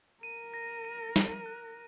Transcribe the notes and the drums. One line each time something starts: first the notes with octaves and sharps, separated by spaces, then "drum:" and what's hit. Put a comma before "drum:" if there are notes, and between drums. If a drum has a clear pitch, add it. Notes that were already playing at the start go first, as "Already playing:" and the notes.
A#4 D#7
A#6
D#7
A#6, drum: snare
F#6